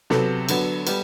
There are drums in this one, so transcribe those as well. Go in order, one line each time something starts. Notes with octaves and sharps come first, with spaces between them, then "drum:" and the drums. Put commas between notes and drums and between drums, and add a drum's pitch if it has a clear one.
C3 F#3 B3 A4, drum: snare
D3 F#3 B3, drum: cymbal
G3 B3, drum: cymbal